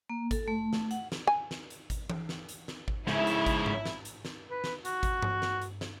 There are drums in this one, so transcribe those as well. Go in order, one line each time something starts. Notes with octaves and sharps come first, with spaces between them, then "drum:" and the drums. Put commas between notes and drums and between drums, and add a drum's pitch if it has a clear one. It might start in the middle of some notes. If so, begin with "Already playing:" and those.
A#3
A4, drum: kick G#1, hi-hat
A3
drum: snare
F#5, drum: hi-hat
drum: snare
G#5
drum: snare
drum: hi-hat
drum: kick G#1, hi-hat
drum: tom E3
drum: snare
drum: hi-hat
drum: snare
drum: kick G#1
G#2 C#3 E4, drum: snare
drum: hi-hat
drum: kick G#1, hi-hat
drum: tom G#2
drum: snare
drum: hi-hat
drum: snare
B4
drum: snare
F#4, drum: hi-hat
drum: kick G#1, hi-hat
drum: tom G2
drum: snare
drum: hi-hat
drum: snare